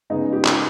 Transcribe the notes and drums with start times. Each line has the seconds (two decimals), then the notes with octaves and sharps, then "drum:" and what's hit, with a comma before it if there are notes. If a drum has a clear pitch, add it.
0.10 C#3 G#3 B3 D#4
0.33 G4
0.45 drum: clap